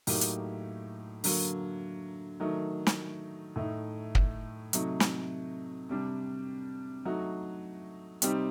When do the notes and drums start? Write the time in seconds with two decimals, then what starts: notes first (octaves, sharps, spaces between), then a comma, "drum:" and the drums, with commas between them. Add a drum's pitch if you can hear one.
0.07 A2 F#3 A#3 D#4 G4, drum: open hi-hat
0.21 drum: hi-hat
1.24 D3 F#3 A#3, drum: open hi-hat
2.40 D#3 F#3 A3 D#4
2.87 drum: snare
3.56 A2 A3 D#4
4.15 drum: kick
4.73 C3 F#3 A3 D#4, drum: hi-hat
5.00 drum: snare
5.89 C3 G3 D4
7.05 F#3 A3 D#4 F#4
8.22 C3 G3 C4 D#4 G4, drum: hi-hat